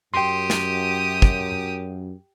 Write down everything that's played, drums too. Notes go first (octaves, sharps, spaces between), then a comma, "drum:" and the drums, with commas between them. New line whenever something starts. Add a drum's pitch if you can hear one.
F#2 G4 G5 C6 D#6
drum: snare
drum: kick